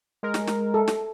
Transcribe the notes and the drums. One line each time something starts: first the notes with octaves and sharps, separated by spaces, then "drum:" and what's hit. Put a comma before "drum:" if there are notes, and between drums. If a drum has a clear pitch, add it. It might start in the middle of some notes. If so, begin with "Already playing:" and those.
G#3 A#4
drum: snare
drum: snare
A4
drum: snare